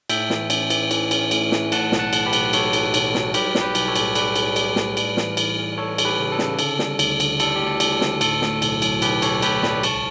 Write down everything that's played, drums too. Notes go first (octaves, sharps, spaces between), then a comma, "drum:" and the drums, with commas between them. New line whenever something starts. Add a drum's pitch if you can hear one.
A2 E5 G5, drum: cymbal
E3, drum: snare
C#4, drum: cymbal
E3, drum: cymbal
E3, drum: cymbal
C#4, drum: cymbal
A2, drum: cymbal
E3, drum: snare
A2 F#5 A5, drum: cymbal
B1, drum: snare
F#5 A5
A2, drum: cymbal
G4 B4
B1, drum: cymbal
F#3 A4 C#5, drum: cymbal
F#3, drum: cymbal
B1, drum: cymbal
F#3, drum: snare
G3 G4 B4, drum: cymbal
B1, drum: snare
G4 B4
B1, drum: cymbal
A4 C#5
A2, drum: cymbal
G3 B4 D5, drum: cymbal
G3, drum: cymbal
G3, drum: cymbal
A2, drum: snare
G3, drum: cymbal
E3, drum: snare
E3, drum: cymbal
E3
E3 A4 C#5
G3, drum: cymbal
G4 B4
C#3
A4
C#3, drum: snare
D3, drum: cymbal
G3, drum: snare
D2, drum: cymbal
D3, drum: cymbal
G3 A4, drum: cymbal
D2 G4
A4
D2, drum: cymbal
D2, drum: snare
A2 A4, drum: cymbal
A2, drum: snare
B1, drum: cymbal
F#3, drum: cymbal
B1 G4 B4, drum: cymbal
B1 A4 C#5, drum: cymbal
A2 G4 B4, drum: cymbal
B1 B4 D5, drum: snare
C#2 A5 C#6, drum: cymbal